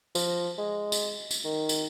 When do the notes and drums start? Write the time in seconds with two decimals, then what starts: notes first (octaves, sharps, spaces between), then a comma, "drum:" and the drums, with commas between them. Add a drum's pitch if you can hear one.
0.15 F3, drum: tambourine
0.58 G#3
0.92 drum: tambourine
1.31 drum: tambourine
1.44 D#3
1.69 drum: tambourine